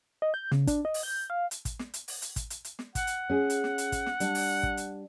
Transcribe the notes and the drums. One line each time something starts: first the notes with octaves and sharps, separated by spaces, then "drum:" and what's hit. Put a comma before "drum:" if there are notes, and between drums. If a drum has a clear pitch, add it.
D#5
G6
C#3, drum: snare
D4, drum: kick, hi-hat
D#5
drum: open hi-hat
G6
F5
drum: hi-hat
drum: kick, hi-hat
drum: snare
drum: hi-hat
drum: open hi-hat
drum: hi-hat
drum: kick, hi-hat
drum: hi-hat
drum: hi-hat
drum: snare
F#5, drum: kick, hi-hat
drum: hi-hat
C#4 G#4
drum: hi-hat
drum: snare
drum: hi-hat
drum: kick, hi-hat
drum: snare
G3 D4, drum: hi-hat
drum: open hi-hat
drum: kick
drum: hi-hat